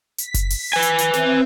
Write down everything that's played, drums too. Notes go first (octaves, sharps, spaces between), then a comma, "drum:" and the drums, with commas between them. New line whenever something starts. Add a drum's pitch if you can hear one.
B6, drum: hi-hat
drum: kick F#1, hi-hat
drum: open hi-hat
B4 G#5
drum: hi-hat
drum: hi-hat
C4 E5, drum: snare